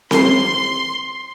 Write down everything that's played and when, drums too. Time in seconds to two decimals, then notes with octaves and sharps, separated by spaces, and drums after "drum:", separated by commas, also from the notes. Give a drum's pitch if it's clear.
0.11 C6, drum: snare C4